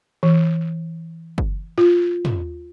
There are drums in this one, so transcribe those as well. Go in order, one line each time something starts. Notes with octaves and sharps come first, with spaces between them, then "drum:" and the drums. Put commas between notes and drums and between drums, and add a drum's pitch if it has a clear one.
E3
drum: kick
F4
drum: tom